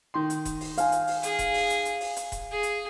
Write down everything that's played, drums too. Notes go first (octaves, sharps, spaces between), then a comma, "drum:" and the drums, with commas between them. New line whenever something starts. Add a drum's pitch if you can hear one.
D#3 C6
drum: hi-hat
drum: kick D#1, hi-hat
drum: open hi-hat
F5 G#5, drum: hi-hat
drum: hi-hat
drum: open hi-hat
G#4, drum: hi-hat
drum: kick D#1, hi-hat
drum: open hi-hat
drum: hi-hat
drum: hi-hat
drum: open hi-hat
drum: hi-hat
drum: kick D#1, hi-hat
G#4
drum: hi-hat